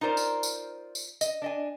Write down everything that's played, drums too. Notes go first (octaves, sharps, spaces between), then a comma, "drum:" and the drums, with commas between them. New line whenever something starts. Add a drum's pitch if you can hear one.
D#4 F4 A#4 C5 D5
drum: tambourine
drum: tambourine
drum: tambourine
D#5, drum: tambourine
D4 D#5 G#5